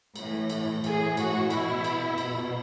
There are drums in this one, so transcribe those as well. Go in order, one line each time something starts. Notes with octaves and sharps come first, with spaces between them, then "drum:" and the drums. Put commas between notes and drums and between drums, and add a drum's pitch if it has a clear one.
A2 E3, drum: cymbal
drum: cymbal
A2 E3 G#4, drum: cymbal
F#4, drum: cymbal
B2 E4, drum: cymbal
drum: cymbal
B2, drum: cymbal